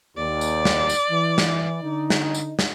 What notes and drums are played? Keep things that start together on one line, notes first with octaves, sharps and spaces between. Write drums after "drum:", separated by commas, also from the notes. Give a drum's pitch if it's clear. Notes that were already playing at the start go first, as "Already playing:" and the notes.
D#2 D5
drum: tambourine
drum: snare
drum: tambourine
E3
drum: snare
D3 D#4
drum: snare
drum: tambourine
drum: snare